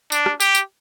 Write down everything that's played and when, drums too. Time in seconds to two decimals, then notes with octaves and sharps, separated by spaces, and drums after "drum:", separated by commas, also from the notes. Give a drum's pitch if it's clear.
0.12 D4, drum: tambourine
0.26 drum: rim click
0.40 G4, drum: tambourine
0.55 drum: tambourine